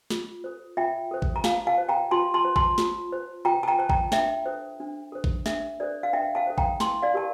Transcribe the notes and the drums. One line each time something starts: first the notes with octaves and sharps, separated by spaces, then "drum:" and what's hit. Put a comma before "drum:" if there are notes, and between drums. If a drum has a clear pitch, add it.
F4, drum: snare
A4 C5
F4 E5 G5
A4 C5
drum: kick G#1
A#5
F4 F5 A5, drum: snare
F5 A5
C5
G5 A#5
F4 A5 C6
A5 C6
C5
A5 C6, drum: kick G#1
F4, drum: snare
C5
F4 G5 A#5
A5
G5 A#5
C5 A5
G5 A#5, drum: kick G#1
D4 E5 G5, drum: snare
A4 C5
D4
A4 C5
drum: kick G#1
D4 E5, drum: snare
A4 C5 D5
F5
D4 E5 G5
F5 A5
A4 C5
G5 A#5, drum: kick G#1
E4 A5 C6, drum: snare
D5 F5
G4 A#4 A5